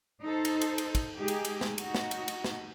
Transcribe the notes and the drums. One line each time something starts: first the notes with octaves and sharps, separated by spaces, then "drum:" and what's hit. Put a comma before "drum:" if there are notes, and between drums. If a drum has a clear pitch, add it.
D#4 A4 C5
drum: cymbal
drum: cymbal
drum: cymbal
drum: kick, cymbal
G#3 D#4 G4 G#4
drum: cymbal
drum: cymbal
drum: snare
D#4 F#4, drum: cymbal
drum: snare
drum: cymbal
drum: cymbal
drum: snare